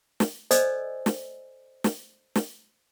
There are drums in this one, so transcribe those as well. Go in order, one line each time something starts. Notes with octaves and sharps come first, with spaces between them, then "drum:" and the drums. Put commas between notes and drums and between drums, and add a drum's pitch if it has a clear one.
drum: snare
A4 C5 D5 D#5 G#5 E6, drum: hi-hat
drum: snare
drum: snare
drum: snare